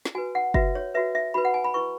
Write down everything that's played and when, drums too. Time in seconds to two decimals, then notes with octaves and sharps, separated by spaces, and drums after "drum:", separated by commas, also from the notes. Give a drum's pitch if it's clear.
0.05 drum: snare
0.15 F#4 B4 G#5
0.35 F#5
0.54 F#4 B4 E5, drum: kick F#1
0.75 C#5
0.94 F#4 B4 E5
1.15 E5
1.34 F#4 B4 B5
1.45 F#5
1.54 G#5
1.64 B5
1.74 E4 B4 C#6